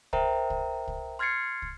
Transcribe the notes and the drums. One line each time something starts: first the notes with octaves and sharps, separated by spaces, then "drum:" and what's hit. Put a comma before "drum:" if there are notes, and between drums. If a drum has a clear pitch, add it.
A#4 C5 E5 G5 A#5, drum: kick
drum: kick
drum: kick
C6 F6 G#6 A6 C7 C#7
drum: kick